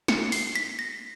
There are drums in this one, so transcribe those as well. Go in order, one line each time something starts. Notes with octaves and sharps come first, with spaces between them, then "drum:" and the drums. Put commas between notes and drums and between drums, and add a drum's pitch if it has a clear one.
C#7, drum: snare
C7, drum: open hi-hat
B6
A#6